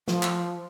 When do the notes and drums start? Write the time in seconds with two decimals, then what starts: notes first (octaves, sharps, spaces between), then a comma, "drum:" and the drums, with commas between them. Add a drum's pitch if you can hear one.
0.08 F3, drum: snare
0.23 drum: clap